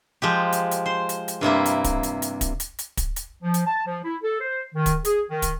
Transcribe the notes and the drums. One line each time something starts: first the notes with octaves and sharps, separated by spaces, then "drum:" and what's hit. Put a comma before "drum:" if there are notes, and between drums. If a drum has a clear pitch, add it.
F3 G#3 G4
drum: hi-hat
drum: hi-hat
C5 C6
drum: hi-hat
drum: hi-hat
G2 C3 A#3 E4
drum: hi-hat
drum: kick, hi-hat
drum: hi-hat
drum: hi-hat
drum: kick, hi-hat
drum: hi-hat
drum: hi-hat
drum: kick, hi-hat
drum: hi-hat
F3
drum: hi-hat
A5
F3
E4
A4
C5
D#3
drum: kick, hi-hat
G#4, drum: hi-hat
D#3
drum: kick, hi-hat